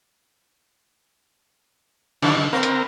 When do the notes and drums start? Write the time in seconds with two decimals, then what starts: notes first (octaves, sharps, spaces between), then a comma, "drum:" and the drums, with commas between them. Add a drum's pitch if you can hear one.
2.22 F#2 D3 D#3 F3 D4, drum: cymbal
2.37 D3
2.53 A#3 C4 A#4 B4
2.63 drum: hi-hat